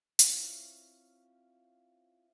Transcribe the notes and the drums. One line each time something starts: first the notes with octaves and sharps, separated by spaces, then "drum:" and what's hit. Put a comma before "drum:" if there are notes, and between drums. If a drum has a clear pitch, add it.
C4 C#4 E4 F4, drum: hi-hat